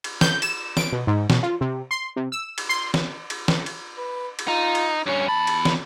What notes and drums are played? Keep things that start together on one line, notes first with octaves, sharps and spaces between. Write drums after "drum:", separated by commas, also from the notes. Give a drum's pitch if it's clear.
drum: cymbal
G6, drum: snare
E7, drum: cymbal
D7, drum: snare
B2
G#2
B2, drum: snare
F4
C3
C6
C3
E6
drum: cymbal
C6
drum: snare
drum: cymbal
drum: snare
drum: cymbal
B4
drum: cymbal
D#4 F4
drum: cymbal
G2 C#4 C#5
E2 A5 B5
drum: cymbal
drum: snare